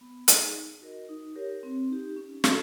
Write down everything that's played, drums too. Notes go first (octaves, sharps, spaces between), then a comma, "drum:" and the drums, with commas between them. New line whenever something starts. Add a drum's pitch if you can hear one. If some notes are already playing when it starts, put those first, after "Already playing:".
B3
D#4 G#4, drum: hi-hat
D#4
F#4 A#4 D#5
D#4
G4 A#4 C#5
C4
D#4 G4
C#4
F#4 A4, drum: snare